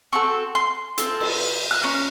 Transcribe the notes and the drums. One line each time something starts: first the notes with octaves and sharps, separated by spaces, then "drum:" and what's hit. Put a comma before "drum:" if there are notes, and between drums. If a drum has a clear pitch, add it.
C4 F#4 A4 C#6
C6
C4 F4 A4, drum: hi-hat
drum: cymbal
F#6
A#3 C#4